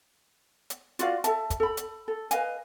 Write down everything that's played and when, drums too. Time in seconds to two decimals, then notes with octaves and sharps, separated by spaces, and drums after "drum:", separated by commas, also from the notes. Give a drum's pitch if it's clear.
0.70 drum: hi-hat
0.99 F4 F#4 D5 F5, drum: hi-hat
1.24 A4 E5 A5, drum: hi-hat
1.50 drum: kick, hi-hat
1.60 A4 B5
1.77 drum: hi-hat
2.08 A4
2.31 B4 D#5 F5 G#5, drum: hi-hat